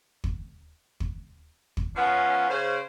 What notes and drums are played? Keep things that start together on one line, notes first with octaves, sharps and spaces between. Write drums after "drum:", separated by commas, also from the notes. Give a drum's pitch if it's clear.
drum: kick
drum: kick
drum: kick
F3 B3 C#4
C#3 C5